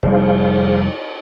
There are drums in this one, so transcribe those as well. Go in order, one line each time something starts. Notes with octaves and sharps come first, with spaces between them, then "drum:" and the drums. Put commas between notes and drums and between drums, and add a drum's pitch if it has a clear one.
F1 C3 G3 G#4 C5 F5, drum: cymbal